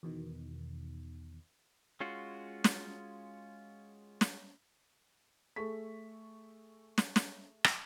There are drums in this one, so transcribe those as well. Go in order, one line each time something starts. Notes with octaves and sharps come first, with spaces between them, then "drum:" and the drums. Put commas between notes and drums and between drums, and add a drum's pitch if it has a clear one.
E2 B2 D#3
G#3 C#4 F4 F#4
drum: snare
drum: snare
A3 G#4 A4 C#6 B6
drum: snare
drum: snare
drum: rim click